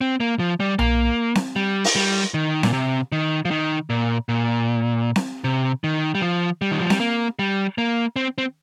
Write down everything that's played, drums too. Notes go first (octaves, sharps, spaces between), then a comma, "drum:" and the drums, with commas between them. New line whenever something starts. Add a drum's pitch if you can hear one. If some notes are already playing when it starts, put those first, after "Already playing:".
C4
A#3
F3
G3
A#3, drum: tom B1
drum: snare C4
G3
drum: open hi-hat
G3
D#3
A#2, drum: snare C4
C3
D#3
F3
D#3
A#2
A#2
drum: snare C4
C3
D#3
G3
F3
G3
D#3
F3
G3, drum: snare C4
A#3
G3
A#3
C4
C4